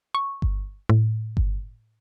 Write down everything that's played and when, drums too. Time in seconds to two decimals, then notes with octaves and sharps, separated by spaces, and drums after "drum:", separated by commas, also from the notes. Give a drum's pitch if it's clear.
0.15 C#6
0.42 drum: kick G1
0.89 A2
1.37 drum: kick G1